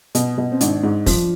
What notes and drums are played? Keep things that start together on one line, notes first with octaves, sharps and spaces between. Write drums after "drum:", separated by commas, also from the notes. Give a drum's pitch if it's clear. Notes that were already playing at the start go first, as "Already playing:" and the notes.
B2, drum: hi-hat
B2
C4
G#1 D4, drum: hi-hat
G#2
F3, drum: kick, open hi-hat